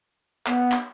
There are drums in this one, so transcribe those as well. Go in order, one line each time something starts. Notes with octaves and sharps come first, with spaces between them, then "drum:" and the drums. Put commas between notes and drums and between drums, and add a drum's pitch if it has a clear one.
B3, drum: clap
drum: clap